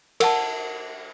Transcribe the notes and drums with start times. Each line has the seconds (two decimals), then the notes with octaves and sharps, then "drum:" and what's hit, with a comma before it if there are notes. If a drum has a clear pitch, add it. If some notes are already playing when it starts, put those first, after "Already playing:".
0.20 A#4 F#5 A5, drum: cymbal